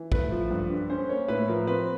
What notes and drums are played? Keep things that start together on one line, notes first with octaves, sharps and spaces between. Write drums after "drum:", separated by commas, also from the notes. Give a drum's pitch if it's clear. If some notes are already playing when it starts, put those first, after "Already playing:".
Already playing: E3
A3 B4, drum: kick A#1
F3
G2
D3
C#4 C5
A#3 C#5
A2 B4
F3 A#4
C4 B4